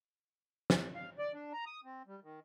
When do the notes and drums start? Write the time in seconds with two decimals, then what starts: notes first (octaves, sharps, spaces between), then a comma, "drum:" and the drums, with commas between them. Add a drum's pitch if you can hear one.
0.70 drum: snare
0.95 F5
1.19 D5
1.34 D4
1.53 A#5
1.66 D#6
1.85 C4
2.07 G3
2.23 D#3